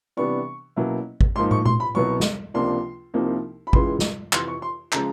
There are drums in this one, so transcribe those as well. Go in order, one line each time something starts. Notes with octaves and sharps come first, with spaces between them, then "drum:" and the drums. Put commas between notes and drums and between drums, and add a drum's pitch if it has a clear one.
C3 E3 G3 B3 D4 C#6
B2 F#3 A#3 C#4 E4
drum: kick G#1
G#2 F3 A#3 D#4 C6
C#6, drum: tom
C6, drum: tom A#2
B5
C2 B2 F#3 B3 C#6
drum: snare
C#2 C3 F3 A#3 D4 C6
C2 C3 F3 A#3 D#4
B5
C#2 C#3 E3 G#3 C6, drum: kick G#1
drum: snare
F2 C3 E3 C6, drum: clap
C#6
C6
C#3 F3 G#3 A#5, drum: clap